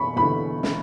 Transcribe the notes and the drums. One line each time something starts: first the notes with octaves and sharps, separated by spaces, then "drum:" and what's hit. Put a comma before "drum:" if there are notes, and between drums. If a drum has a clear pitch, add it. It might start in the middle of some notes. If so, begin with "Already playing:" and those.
Already playing: E1 B5 C#6
E2 D3 B5
drum: snare